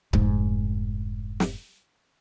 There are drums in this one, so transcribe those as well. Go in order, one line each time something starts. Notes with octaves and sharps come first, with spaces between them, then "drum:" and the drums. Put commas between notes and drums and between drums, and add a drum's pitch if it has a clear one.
F1 G#2, drum: kick C#1
drum: snare